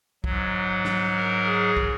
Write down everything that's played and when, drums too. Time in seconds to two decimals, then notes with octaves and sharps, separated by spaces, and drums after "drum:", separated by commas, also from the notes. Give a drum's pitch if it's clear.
0.24 G#2 F#3, drum: kick
0.85 drum: snare
1.16 A#4
1.46 G#4
1.77 drum: kick